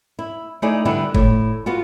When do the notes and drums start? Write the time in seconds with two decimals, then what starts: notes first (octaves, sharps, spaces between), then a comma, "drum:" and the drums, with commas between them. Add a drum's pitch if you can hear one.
0.19 E4
0.62 A3 D#4 E4 G#4 D5
0.85 D3 G3 B3 E4
1.15 A2, drum: kick F#1
1.66 B3 F4 F#4